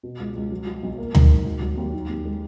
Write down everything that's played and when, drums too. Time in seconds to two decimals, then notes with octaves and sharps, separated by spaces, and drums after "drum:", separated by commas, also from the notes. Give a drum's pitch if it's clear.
0.03 B2
0.20 C#2
0.36 C#2
0.51 F#3
0.67 F#3
0.83 B1
0.98 A#3
1.15 D#3, drum: tom D2
1.30 G#2
1.46 F#3
1.62 F#3
1.77 D#2
1.94 D#4
2.09 D#2
2.25 G#3